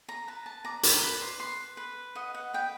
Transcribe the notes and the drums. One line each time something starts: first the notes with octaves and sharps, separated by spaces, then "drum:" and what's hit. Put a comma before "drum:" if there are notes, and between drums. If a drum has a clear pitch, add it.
A#5
B4 A5
A5
D5 A#5
B5, drum: hi-hat
A#5
B4 B5
C6
B4 C6
B4
D#5 F#5
F#5
B4 G5